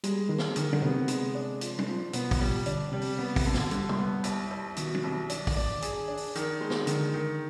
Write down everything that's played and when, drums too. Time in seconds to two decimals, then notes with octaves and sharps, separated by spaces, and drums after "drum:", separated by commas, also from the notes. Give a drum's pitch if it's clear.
0.04 G3 G#3, drum: hi-hat
0.29 D#3 G#3
0.38 drum: snare
0.56 D3 D#3, drum: hi-hat
0.73 D3, drum: tom
0.82 C3 B3
1.08 G#3, drum: hi-hat
1.35 D4
1.61 F3, drum: hi-hat
1.79 drum: tom
1.88 F3
2.13 B2 B3, drum: hi-hat
2.31 drum: kick, open hi-hat
2.40 G3
2.66 D3 D4, drum: hi-hat
2.92 C3 G3
3.01 drum: open hi-hat
3.18 C3 B3
3.36 C3, drum: kick, open hi-hat
3.46 D3
3.54 D#3, drum: snare
3.71 D3 G3, drum: hi-hat
3.89 drum: tom
3.99 B3
4.24 C2, drum: hi-hat
4.51 C2
4.76 B2 D#3, drum: hi-hat
4.94 drum: tom
5.04 C2
5.30 D4, drum: hi-hat
5.47 drum: kick, open hi-hat
5.56 D5
5.82 G#4, drum: hi-hat
6.08 D4
6.17 drum: open hi-hat
6.35 D#3, drum: hi-hat
6.61 G#3
6.70 drum: snare
6.87 D3 D#3, drum: hi-hat
7.14 D#3